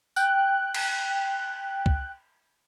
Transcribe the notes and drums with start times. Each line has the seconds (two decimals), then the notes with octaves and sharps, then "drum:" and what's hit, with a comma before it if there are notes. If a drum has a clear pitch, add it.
0.16 G5 F#6, drum: tambourine
0.74 drum: cymbal
1.86 drum: kick